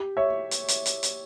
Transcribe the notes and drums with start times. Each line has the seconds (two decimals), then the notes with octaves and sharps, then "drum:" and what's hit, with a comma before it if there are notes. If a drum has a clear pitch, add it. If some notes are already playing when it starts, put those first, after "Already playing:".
Already playing: G4
0.17 C#5 E5
0.51 drum: hi-hat
0.68 drum: hi-hat
0.86 drum: hi-hat
1.03 drum: hi-hat